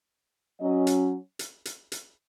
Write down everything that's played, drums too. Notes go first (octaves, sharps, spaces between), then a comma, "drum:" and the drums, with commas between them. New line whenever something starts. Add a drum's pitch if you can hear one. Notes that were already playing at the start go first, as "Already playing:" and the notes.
F#3 C#4 D#5
drum: hi-hat
drum: hi-hat
drum: hi-hat
drum: hi-hat